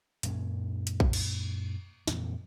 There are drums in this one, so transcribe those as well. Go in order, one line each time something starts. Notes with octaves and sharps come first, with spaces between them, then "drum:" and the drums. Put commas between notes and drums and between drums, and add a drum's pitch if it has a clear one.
F#2 A#2 C#4, drum: hi-hat
drum: hi-hat
drum: kick A#1
drum: cymbal
F2 A#2 E3 C4, drum: snare